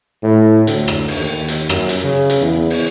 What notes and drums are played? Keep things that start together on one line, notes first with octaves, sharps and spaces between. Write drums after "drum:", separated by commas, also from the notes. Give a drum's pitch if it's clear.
A2
D2, drum: hi-hat
drum: rim click
drum: open hi-hat
D#2
drum: hi-hat
F#2, drum: rim click
drum: hi-hat
C#3
drum: hi-hat
E2
drum: open hi-hat